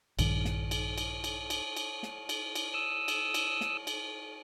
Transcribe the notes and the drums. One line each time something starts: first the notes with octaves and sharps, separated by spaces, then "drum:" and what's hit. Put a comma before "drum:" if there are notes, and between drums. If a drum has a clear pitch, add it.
A#1 G2 D#3, drum: cymbal
drum: snare
drum: cymbal
drum: cymbal
drum: cymbal
drum: cymbal
drum: cymbal
drum: snare
drum: cymbal
drum: cymbal
D#6 E6
drum: cymbal
drum: cymbal
drum: snare
drum: cymbal